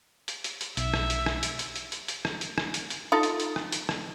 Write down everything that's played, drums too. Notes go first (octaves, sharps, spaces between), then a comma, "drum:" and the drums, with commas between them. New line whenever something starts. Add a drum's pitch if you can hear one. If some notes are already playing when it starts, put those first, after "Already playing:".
drum: hi-hat
drum: hi-hat
drum: hi-hat
B1 E5, drum: hi-hat
drum: rim click
drum: hi-hat
drum: rim click
drum: hi-hat
drum: hi-hat
drum: hi-hat
drum: hi-hat
drum: hi-hat
drum: rim click
drum: hi-hat
drum: rim click
drum: hi-hat
drum: hi-hat
D#4 F4 A4
drum: hi-hat
drum: hi-hat
drum: rim click
drum: hi-hat
drum: rim click